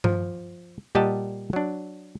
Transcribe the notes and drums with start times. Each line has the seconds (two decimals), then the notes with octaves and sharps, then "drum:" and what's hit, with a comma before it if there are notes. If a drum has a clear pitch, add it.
0.04 F3, drum: tom G2
0.95 A#2 G3 G4 D#5 F#5 A5
1.53 F#3 D4